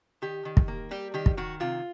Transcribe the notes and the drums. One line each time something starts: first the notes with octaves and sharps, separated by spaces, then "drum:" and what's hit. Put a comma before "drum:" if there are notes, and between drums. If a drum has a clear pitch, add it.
D#3 G4
D#3
drum: kick
A#3
G3 G4
D#3 G4
drum: kick
D#3 F#4
C3 F4